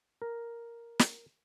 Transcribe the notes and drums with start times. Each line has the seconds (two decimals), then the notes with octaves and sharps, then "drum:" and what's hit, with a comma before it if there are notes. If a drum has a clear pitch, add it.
0.22 A#4
0.99 drum: snare